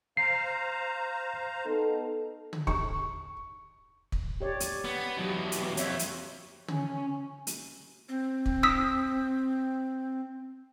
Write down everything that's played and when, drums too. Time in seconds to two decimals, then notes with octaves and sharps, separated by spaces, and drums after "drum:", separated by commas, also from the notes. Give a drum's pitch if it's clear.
0.17 C5 F5 A#5 C7
1.65 B3 D#4 A4
2.53 drum: tom
2.67 C#6, drum: kick
4.12 drum: kick
4.41 G4 C#5 D5
4.60 drum: hi-hat
4.85 B3
5.17 E2 B2 F#3 G4
5.52 drum: hi-hat
5.77 F2 C#5 E5, drum: hi-hat
5.99 drum: hi-hat
6.68 C#4, drum: tom
7.47 drum: hi-hat
8.09 C4
8.46 drum: kick
8.63 D#6 E6 B6